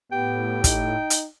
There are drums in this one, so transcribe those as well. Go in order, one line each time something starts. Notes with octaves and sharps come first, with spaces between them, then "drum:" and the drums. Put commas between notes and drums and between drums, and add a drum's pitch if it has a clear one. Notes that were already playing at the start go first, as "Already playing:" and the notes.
A2 B3 G4 G5
D#4, drum: kick, hi-hat
drum: hi-hat